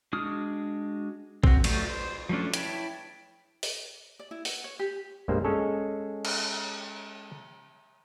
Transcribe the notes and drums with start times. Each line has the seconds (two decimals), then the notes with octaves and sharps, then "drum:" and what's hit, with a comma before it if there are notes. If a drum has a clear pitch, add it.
0.13 G#3 D4 F#4 D#6 F6
1.44 C4 F#4, drum: kick
1.64 F#3 A3 F4 G4, drum: cymbal
1.90 C5
2.29 F3 F#3 A3 C#4 D4
2.54 E4 C#5 G5 A5 B5, drum: hi-hat
3.63 drum: open hi-hat
4.19 D5
4.31 E4
4.45 F#5, drum: open hi-hat
4.64 C#5
4.79 G4
5.28 B1 G2 G3 G#3 A#3 C5
5.44 G#3 C#4 G#4 A4 C#5
6.25 drum: cymbal